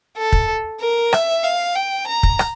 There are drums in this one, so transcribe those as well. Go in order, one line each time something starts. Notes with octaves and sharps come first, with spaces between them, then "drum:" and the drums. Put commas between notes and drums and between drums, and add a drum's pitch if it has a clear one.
A4
drum: kick
A#4
E5, drum: rim click
F5
G5
A#5
drum: kick
drum: rim click